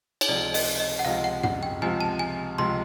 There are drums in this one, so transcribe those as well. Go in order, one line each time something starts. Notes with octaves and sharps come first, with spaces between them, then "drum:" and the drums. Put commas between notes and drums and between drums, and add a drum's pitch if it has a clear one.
C#5, drum: cymbal
C#2 C3 F3 G#3 D5
D#5, drum: open hi-hat
D#5
F#5
C#2 C3 F3 G#3 F5
F#5
F#5, drum: tom
G5
C#2 C3 F3 G#3 G#5
A5
G#5
C#2 C3 F3 G#3 C6